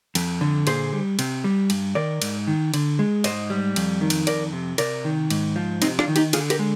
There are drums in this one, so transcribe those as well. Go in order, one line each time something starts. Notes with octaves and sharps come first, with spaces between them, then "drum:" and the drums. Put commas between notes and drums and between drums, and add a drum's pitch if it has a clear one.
F2, drum: cymbal
D3
A#2 G#4 C5, drum: cymbal
G3
C3, drum: cymbal
G3
G2, drum: cymbal
D#3 A#4 D5
G#2, drum: cymbal
D#3
D3, drum: cymbal
G#3
G#2 C5 D#5, drum: cymbal
G3
F2, drum: cymbal
D#3
drum: cymbal
F2 A#4 D5, drum: cymbal
C3
C3 A#4 D5, drum: cymbal
D#3
G#2, drum: cymbal
F3
C3 C4 D#4, drum: cymbal
D4 F4, drum: rim click
D#3
D#4 G4, drum: cymbal
D3 F4 G#4, drum: cymbal
G4 A#4, drum: cymbal
G#3